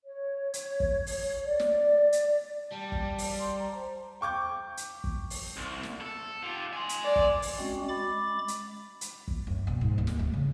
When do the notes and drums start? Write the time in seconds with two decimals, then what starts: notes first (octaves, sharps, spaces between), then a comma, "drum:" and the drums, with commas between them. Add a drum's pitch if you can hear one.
0.05 C#5
0.54 drum: hi-hat
0.80 drum: kick
1.07 drum: open hi-hat
1.44 D5
1.60 drum: snare
2.12 drum: hi-hat
2.72 G3 A5
2.92 drum: kick
3.18 drum: open hi-hat
3.39 C6
3.60 A#5
3.75 C5
4.21 G5 C#6 D6 G6
4.77 drum: hi-hat
5.04 drum: kick
5.30 drum: open hi-hat
5.57 C2
5.83 drum: snare
6.01 A4
6.42 F4 G4
6.73 G#5 C6
6.89 drum: hi-hat
7.04 D5
7.16 drum: kick
7.42 drum: open hi-hat
7.58 G#3 C4 C#4 F#4
7.89 G#3 B5 D6 A6
8.48 drum: hi-hat
9.01 drum: hi-hat
9.28 drum: kick
9.47 F#2
9.67 B2
9.81 G#2
9.98 D#2
10.07 drum: snare
10.19 A3
10.34 C#3